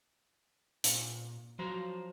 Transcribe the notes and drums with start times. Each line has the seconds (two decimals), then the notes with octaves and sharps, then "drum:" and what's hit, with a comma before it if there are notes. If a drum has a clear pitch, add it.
0.84 A#2, drum: hi-hat
1.59 F3 F#3 C5 A#5